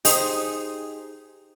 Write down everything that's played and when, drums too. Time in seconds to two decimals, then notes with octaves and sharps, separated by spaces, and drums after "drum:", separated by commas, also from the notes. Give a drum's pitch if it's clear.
0.05 D#4 G4 G#4 C5, drum: open hi-hat